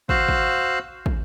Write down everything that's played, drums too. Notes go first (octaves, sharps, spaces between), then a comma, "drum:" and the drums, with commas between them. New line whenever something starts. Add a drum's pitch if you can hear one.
F#4 C5 F5 E6 F#6, drum: kick
drum: kick
drum: kick